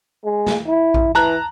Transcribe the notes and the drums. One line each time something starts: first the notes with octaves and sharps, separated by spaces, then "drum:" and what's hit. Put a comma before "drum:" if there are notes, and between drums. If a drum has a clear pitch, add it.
G#3
drum: snare
E4
drum: kick A#1
E3 A5 A#5 F#6